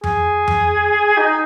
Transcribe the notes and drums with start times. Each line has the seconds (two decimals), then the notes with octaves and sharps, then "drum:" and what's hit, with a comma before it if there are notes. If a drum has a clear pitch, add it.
0.04 G#4, drum: tom F2
0.48 drum: tom F2
1.18 D#4